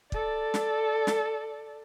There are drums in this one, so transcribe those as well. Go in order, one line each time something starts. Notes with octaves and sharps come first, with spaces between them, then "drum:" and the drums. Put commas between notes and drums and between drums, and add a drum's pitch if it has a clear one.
A4 D5, drum: kick
drum: snare
drum: snare